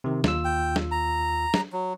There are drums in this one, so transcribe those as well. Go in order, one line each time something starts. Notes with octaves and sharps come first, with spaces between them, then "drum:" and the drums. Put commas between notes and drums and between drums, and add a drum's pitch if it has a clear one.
C3 D#3
D#2 F4 E6, drum: snare
G5
drum: snare
A#5
drum: snare
F#3